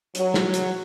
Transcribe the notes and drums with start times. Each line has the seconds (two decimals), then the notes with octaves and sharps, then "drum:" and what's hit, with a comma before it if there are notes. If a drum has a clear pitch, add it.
0.15 F#3, drum: hi-hat
0.34 drum: snare
0.54 drum: hi-hat